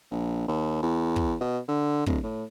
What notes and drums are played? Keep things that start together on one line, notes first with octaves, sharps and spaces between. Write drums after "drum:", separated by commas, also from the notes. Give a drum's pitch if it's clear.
A#1
D#2
E2
drum: kick
B2
D3
D1, drum: kick
A2